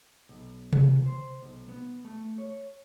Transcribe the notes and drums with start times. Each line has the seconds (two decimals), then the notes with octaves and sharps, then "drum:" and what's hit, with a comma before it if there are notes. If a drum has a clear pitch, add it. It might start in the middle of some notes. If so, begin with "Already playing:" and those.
0.29 B1
0.73 A#2, drum: tom C3
1.06 C5
1.42 B1
1.68 B3
2.05 A3
2.38 C#5